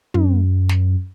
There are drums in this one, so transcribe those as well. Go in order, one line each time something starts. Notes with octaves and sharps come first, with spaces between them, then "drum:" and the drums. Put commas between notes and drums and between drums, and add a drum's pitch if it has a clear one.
F#2, drum: tom
drum: snare